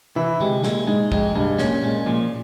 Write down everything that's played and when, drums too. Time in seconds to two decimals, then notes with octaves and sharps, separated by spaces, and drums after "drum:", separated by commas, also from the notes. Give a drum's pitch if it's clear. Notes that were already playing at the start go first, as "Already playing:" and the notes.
0.16 E3 E4
0.40 C3 G#3, drum: tom
0.63 A#2 G#3, drum: snare
0.87 G#2 G#3
1.12 F2 G#3, drum: kick
1.35 G2 G#3
1.58 A#2 C#4, drum: snare
1.83 A#2 G#3
2.06 A#2 F3